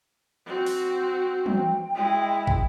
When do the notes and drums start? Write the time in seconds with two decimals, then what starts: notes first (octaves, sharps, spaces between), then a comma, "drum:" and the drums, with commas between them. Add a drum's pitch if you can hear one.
0.46 C4 F#4
0.66 drum: open hi-hat
1.46 G5, drum: tom E3
1.94 G#3 E4
2.47 drum: kick